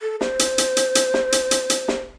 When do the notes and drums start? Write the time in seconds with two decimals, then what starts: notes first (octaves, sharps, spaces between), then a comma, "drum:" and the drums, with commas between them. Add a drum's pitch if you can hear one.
0.02 A4
0.21 C5, drum: snare
0.39 drum: hi-hat
0.58 drum: hi-hat
0.77 drum: hi-hat
0.95 drum: hi-hat
1.14 drum: snare
1.32 drum: hi-hat
1.51 drum: hi-hat
1.70 drum: hi-hat
1.88 drum: snare